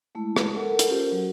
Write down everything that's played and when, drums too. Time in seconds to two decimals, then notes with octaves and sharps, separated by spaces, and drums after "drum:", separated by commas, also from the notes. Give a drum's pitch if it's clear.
0.15 G#3 A3 E4
0.36 drum: rim click
0.55 A4 A#4 F#5
0.79 drum: hi-hat
0.89 C#4 F4 G4 A4 A#4 C5
1.12 F#3 F#4